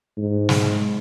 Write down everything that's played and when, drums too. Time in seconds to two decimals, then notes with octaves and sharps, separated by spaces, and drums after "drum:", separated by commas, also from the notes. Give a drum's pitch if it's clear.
0.17 G#2
0.49 drum: snare